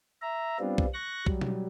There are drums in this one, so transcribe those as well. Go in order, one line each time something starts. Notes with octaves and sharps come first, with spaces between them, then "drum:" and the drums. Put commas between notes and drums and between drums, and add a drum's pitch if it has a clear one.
E5 A#5
G3 B3 C4 D4 F4
drum: kick B1
C#6 F#6 A#6
F#3 G3, drum: kick B1
drum: tom B2